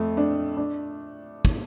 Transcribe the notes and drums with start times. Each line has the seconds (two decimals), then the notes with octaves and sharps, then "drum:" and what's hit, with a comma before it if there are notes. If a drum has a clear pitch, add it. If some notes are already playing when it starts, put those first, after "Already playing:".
Already playing: F2 A3
0.17 D4
0.57 D4
1.45 drum: kick